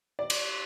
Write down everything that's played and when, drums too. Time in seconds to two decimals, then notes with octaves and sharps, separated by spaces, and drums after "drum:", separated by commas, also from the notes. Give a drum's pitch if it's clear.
0.19 D5
0.30 drum: cymbal